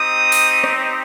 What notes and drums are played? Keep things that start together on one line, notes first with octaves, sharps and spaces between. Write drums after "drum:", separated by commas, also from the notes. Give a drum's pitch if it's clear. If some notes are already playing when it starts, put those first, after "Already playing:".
Already playing: C4 D#4 G4 D#6
drum: open hi-hat
drum: rim click